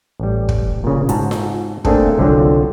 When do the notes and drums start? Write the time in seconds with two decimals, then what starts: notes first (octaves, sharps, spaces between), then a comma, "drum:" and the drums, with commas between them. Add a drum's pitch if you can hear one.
0.20 A1 G3
0.49 drum: kick
0.84 A#2 C#3
1.09 G#2 F#4 A5 A#5, drum: hi-hat
1.31 drum: snare F4
1.85 A3 A#3 C4 D4 G#4 A4, drum: kick
2.18 C2 D3 F3 F#3 C4